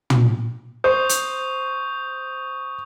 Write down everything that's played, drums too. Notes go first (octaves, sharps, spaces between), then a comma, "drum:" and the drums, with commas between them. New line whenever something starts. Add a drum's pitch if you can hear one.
drum: tom
C5 C#6 D#6 G6
drum: hi-hat